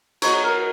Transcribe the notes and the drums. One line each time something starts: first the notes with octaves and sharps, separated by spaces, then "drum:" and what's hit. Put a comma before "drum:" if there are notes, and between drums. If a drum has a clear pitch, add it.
F#3 B3 D#4 C#5, drum: cymbal
A#4